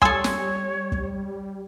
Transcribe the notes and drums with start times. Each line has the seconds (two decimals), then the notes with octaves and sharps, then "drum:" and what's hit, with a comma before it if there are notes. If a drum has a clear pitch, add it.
0.02 G3 A4 C#5 G#5 C6 D#6 E6, drum: kick
0.24 drum: snare
0.92 drum: kick